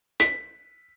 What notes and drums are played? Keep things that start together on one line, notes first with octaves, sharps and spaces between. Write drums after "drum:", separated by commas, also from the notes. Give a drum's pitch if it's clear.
B6, drum: hi-hat